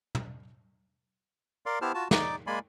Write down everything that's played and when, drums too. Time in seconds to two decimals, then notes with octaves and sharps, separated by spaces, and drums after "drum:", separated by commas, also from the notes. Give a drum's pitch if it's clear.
0.15 drum: tom
1.66 A#4 D5 F5 C6
1.82 B3 E4 G4 C5 A5 F6
1.94 F4 F#4 A5
2.11 D#4 D5 D6, drum: snare
2.47 G#3 A#3 D5 G#5 B5 C6